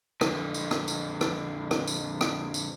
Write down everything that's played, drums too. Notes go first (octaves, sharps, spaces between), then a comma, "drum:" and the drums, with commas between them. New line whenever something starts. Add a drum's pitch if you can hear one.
F2 D3, drum: rim click
drum: tambourine
drum: rim click
drum: tambourine
drum: rim click
drum: rim click
drum: tambourine
drum: rim click
drum: tambourine